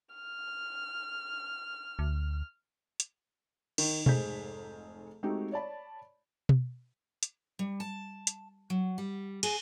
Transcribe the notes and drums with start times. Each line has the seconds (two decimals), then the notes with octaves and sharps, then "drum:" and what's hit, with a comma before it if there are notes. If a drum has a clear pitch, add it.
0.15 F6
1.99 D2
3.00 drum: hi-hat
3.78 D#3, drum: cymbal
4.06 F1 G#2 G#4 C5 G6 B6, drum: tom B2
5.23 G#3 A3 C4 D#4 F#4 G4
5.52 C#5 D5 A5 B5
6.49 drum: tom B2
7.23 drum: hi-hat
7.59 G3
7.80 A5
8.27 drum: hi-hat
8.70 F#3
8.98 G3
9.43 G#4, drum: cymbal